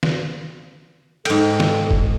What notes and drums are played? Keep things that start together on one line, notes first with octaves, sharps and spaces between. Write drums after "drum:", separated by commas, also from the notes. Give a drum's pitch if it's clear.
drum: snare
G#2 A4 G5, drum: cymbal
drum: snare
drum: kick